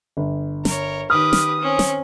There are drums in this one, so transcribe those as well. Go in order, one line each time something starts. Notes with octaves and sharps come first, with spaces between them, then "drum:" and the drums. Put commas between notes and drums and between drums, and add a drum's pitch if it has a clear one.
G1
A#4 C#5, drum: snare
D#3 G4 B4 D#6 F6
drum: snare
C4 C#4
drum: snare